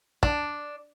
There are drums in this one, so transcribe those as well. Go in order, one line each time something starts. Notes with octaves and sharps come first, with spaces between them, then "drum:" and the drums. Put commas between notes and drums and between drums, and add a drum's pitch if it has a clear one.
D4, drum: kick